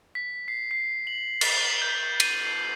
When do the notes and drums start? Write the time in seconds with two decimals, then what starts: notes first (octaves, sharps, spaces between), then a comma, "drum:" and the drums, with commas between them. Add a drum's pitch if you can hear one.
0.15 B6
0.48 C7
0.71 C7
1.07 F#7
1.41 A6, drum: cymbal
1.65 F#7
1.82 G6
2.20 D#7, drum: cymbal
2.45 C7